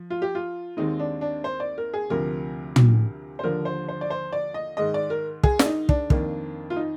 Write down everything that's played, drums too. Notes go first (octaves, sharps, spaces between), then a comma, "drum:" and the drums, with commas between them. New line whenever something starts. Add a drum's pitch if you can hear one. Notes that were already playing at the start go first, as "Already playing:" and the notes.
Already playing: F3
F4
G4
F4
D#2 D#3 G#3 C4 D#4
D4
D4
C5
D5
A#4
G#4
D2 C3 F3 A#4
drum: tom
C5
D#2 D3 F3 A#4
C5
C5
D5
C5
D5
D#5
G#2 D#3 G#3 D#5
D5
A#4
G#4, drum: kick
D4, drum: snare
D#4
D4, drum: kick
F2 D#3 A#3, drum: kick
F4
D#4